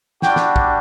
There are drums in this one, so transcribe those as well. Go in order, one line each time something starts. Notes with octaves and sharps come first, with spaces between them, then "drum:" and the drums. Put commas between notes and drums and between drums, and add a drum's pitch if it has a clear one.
G3 D4 F#4 G5, drum: snare
drum: snare
drum: kick